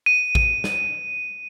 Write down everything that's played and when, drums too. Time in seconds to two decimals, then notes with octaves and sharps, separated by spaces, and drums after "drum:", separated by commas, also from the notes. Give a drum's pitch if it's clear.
0.06 D#7
0.35 drum: kick A1
0.64 drum: snare